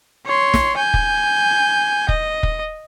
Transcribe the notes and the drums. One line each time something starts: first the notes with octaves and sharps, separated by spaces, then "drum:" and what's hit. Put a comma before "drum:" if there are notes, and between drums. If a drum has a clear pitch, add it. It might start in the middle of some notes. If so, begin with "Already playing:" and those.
C#5 C6
drum: snare
G#5 G6
drum: kick
D#5, drum: kick
drum: kick